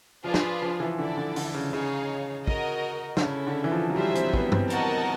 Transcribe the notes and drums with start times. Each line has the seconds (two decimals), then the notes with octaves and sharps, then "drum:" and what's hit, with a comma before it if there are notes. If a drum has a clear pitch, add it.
0.24 F3 D4 F4 G#4 B4
0.34 drum: snare
0.62 F3
0.80 E3
0.98 D3 E4 A4 D5
1.17 D3
1.36 D3, drum: open hi-hat
1.54 C#3
1.72 C#3 D#4 G#4 C#5 F5
2.47 F#4 A#4 D#5, drum: kick
3.17 D3, drum: snare
3.22 C#3 C#4 E4 A4
3.47 D3
3.64 E3
3.72 F3
3.90 F#3
3.96 G3 G#4 C5 E5
4.15 C4, drum: hi-hat
4.34 B3, drum: kick
4.52 C4, drum: tom G2
4.70 F#4 A#4 D#5 F#5 A5, drum: hi-hat